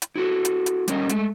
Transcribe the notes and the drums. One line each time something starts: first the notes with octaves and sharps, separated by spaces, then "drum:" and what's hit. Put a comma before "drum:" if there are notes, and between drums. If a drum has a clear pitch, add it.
drum: hi-hat
E4 F#4 A4
drum: hi-hat
drum: hi-hat
G3 C#4 A#4 D#5, drum: hi-hat
G#3 A3, drum: hi-hat